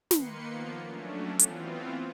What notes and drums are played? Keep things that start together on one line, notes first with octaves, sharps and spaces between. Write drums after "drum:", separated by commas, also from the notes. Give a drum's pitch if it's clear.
D#3 A#3 B4 C6 C#7, drum: snare
F3 A#3 B3 F4
F#3 A3 C#4 D4
E3 B3 C4 F4, drum: hi-hat